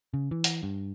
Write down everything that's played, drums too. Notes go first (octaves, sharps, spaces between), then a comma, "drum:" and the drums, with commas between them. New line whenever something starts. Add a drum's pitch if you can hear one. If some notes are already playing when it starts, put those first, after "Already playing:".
C#3
E3
drum: hi-hat
G2